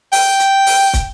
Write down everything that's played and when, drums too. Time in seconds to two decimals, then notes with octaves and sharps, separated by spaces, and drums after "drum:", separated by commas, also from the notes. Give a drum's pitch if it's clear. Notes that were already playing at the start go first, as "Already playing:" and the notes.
0.13 G5, drum: open hi-hat
0.40 drum: hi-hat
0.67 drum: open hi-hat
0.93 drum: kick, hi-hat